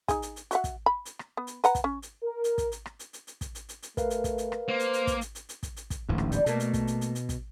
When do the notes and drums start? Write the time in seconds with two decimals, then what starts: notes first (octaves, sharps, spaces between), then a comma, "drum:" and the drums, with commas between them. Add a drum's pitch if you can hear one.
0.08 D#4 G#4, drum: kick, hi-hat
0.22 drum: hi-hat
0.36 drum: hi-hat
0.51 F#4 E5 F#5, drum: hi-hat
0.64 drum: kick, hi-hat
0.86 B5
1.05 drum: hi-hat
1.19 drum: rim click
1.37 B3
1.47 drum: hi-hat
1.64 B4 F#5 A#5, drum: hi-hat
1.75 drum: kick, hi-hat
1.84 C#4
2.02 drum: hi-hat
2.23 A#4
2.44 drum: hi-hat
2.58 drum: kick, hi-hat
2.72 drum: hi-hat
2.86 drum: rim click
2.99 drum: hi-hat
3.13 drum: hi-hat
3.27 drum: hi-hat
3.41 drum: kick, hi-hat
3.55 drum: hi-hat
3.69 drum: hi-hat
3.83 drum: hi-hat
3.97 A3 A#4 B4 F5, drum: kick, hi-hat
4.10 drum: hi-hat
4.24 drum: kick, hi-hat
4.38 drum: hi-hat
4.52 drum: rim click
4.68 A#3 C5
4.80 drum: hi-hat
4.93 drum: hi-hat
5.07 drum: kick, hi-hat
5.21 drum: hi-hat
5.35 drum: hi-hat
5.49 drum: hi-hat
5.63 drum: kick, hi-hat
5.77 drum: hi-hat
5.90 drum: kick, hi-hat
6.09 D1 A1 G#2
6.18 drum: rim click
6.32 G3, drum: hi-hat
6.46 B2 A3 A#3, drum: hi-hat
6.60 drum: hi-hat
6.74 drum: kick, hi-hat
6.87 drum: hi-hat
7.01 drum: hi-hat
7.15 drum: hi-hat
7.29 drum: kick, hi-hat